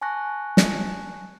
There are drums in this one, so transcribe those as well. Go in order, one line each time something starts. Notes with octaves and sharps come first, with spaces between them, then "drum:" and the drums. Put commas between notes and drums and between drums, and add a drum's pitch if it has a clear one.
G#5 A5 C#6 F#6 A#6
drum: snare